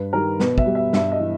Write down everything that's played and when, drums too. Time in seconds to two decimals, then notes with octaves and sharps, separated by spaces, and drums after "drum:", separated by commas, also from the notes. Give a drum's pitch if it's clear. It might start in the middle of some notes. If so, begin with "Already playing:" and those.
Already playing: G2 B4
0.13 D#3 G3 A#4
0.40 B2 B4, drum: snare
0.58 E5, drum: kick
0.66 G3
0.75 E5
0.93 G2 E5, drum: snare
1.12 D#5
1.20 E3